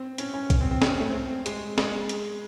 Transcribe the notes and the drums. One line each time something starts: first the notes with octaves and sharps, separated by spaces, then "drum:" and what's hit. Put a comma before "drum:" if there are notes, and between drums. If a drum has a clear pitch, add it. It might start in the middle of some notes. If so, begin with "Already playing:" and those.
Already playing: C4
C#4, drum: hi-hat
C#4
drum: kick B1, hi-hat
C4
C4
C#4, drum: snare
C4
A3
C4
G#3, drum: hi-hat
G#3, drum: snare
drum: hi-hat